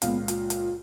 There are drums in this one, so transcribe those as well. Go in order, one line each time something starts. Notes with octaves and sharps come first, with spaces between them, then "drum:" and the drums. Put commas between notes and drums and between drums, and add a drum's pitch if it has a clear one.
C#2 A#2 B3 F5, drum: hi-hat
F4, drum: hi-hat
drum: hi-hat